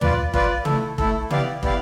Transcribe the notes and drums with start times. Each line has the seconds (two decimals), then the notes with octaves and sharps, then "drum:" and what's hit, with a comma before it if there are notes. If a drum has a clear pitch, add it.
0.01 F4 B4 D5, drum: tom
0.34 F4 B4 D5, drum: kick
0.65 A3 E4 A4, drum: tom
0.98 A3 E4 A4, drum: kick
1.30 B3 E4 G4 D5 F5, drum: tom
1.63 B3 E4 G4 D5 F5, drum: kick